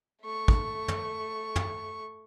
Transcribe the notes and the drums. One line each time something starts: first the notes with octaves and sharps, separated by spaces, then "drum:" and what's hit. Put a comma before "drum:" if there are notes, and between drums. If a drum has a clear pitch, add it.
A3 C#6
drum: kick
drum: tom
drum: tom